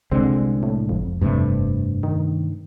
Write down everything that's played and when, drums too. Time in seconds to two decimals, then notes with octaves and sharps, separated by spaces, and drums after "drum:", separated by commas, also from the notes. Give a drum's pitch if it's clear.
0.11 C2 D3 G#3 C4
0.63 A2
0.89 F2, drum: kick F#1
1.21 G2 C3 A3, drum: kick F#1
2.03 D#3